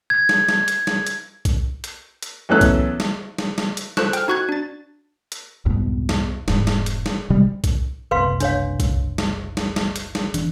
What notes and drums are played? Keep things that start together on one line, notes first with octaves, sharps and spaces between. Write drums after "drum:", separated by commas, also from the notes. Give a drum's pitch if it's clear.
G#6
drum: snare
drum: snare
drum: hi-hat
drum: snare
drum: hi-hat
drum: kick B1, hi-hat
drum: hi-hat
drum: hi-hat
E2 E3 F#3 C#4 A4 F#6
drum: kick B1, hi-hat
drum: snare
drum: snare
drum: snare
drum: hi-hat
F4 A4 C5 A5 C#6 F#6, drum: snare
G5 F6, drum: hi-hat
D#4 F#4 C#6 F#6 G#6
D4 A6
drum: hi-hat
C2 F2 G#2 B2
drum: snare
E1 G#2, drum: snare
drum: snare
drum: hi-hat
drum: snare
C3 G3 G#3
drum: kick B1, hi-hat
F#1 C2 B4 F5 C6
D4 C#5 F5, drum: hi-hat
drum: kick B1, hi-hat
drum: snare
drum: snare
drum: snare
drum: hi-hat
drum: snare
E1 E3 D4, drum: hi-hat